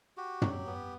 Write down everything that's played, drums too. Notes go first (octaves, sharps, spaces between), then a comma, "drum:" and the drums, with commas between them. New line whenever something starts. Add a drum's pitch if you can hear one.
F#4 G4
F#3, drum: tom
B3